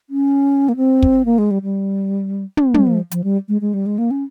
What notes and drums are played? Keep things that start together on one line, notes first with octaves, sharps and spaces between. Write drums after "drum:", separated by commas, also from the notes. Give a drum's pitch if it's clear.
C#4
A#3
C4
drum: kick
A#3
G#3
G3
G3
drum: tom
G3, drum: tom
F3
F3, drum: hi-hat
G3
G#3
G#3
G3
G#3
A#3
C#4